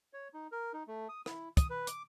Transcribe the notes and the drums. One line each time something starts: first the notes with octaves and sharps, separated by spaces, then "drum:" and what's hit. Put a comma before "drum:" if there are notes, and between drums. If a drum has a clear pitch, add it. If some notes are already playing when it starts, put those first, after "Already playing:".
C#5
D#4
A#4
D#4
A3
D#6
E4, drum: rim click
D#6, drum: kick, hi-hat
B4
D6, drum: hi-hat